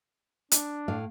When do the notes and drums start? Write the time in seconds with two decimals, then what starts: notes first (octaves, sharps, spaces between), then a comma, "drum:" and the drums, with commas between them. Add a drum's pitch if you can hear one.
0.51 D4, drum: hi-hat
0.88 A2 F5